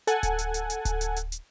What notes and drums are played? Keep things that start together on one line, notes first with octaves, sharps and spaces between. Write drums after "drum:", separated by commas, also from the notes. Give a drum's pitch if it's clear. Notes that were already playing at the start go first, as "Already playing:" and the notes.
A4 F#5 G#5, drum: hi-hat
drum: kick D1, hi-hat
drum: hi-hat
drum: hi-hat
drum: hi-hat
drum: kick D1, hi-hat
drum: hi-hat
drum: hi-hat
drum: hi-hat